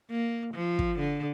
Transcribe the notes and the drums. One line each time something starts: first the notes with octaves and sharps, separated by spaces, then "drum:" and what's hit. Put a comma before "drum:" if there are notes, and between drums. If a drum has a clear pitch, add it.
A#3
F3
drum: kick
D3